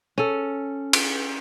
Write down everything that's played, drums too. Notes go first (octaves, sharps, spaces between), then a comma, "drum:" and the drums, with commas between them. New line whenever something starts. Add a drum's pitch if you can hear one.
C#4 A4
drum: cymbal